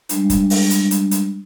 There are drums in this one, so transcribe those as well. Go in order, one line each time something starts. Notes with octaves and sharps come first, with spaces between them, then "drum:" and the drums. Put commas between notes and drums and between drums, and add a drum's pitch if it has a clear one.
G3 G#3 D4, drum: hi-hat
drum: kick, hi-hat
drum: open hi-hat
drum: hi-hat
drum: hi-hat
drum: hi-hat